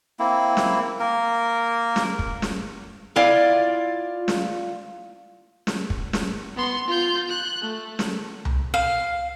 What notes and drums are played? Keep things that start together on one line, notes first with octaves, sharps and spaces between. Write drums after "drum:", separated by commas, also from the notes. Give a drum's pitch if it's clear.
A#3 C4 E4
drum: snare
A#3 A#4
drum: snare
drum: kick
drum: snare
E4 F4 D5
drum: snare
drum: snare
drum: kick
drum: snare
B3 C6
F4 G6
F#6
A3
drum: snare
drum: tom C2
F5